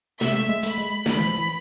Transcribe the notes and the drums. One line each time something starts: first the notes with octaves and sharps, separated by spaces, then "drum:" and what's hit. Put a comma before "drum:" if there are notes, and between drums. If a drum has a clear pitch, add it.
C3 E5, drum: snare
A3
G#3
A3 B5, drum: hi-hat
G#3
D3 B5, drum: snare
E3
F3
E3